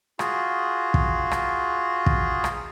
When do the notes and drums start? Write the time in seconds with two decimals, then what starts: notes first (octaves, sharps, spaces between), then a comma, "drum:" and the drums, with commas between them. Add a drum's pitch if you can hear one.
0.19 F4 F#4 G#4, drum: rim click
0.94 drum: kick
1.31 drum: rim click
2.06 drum: kick
2.44 drum: rim click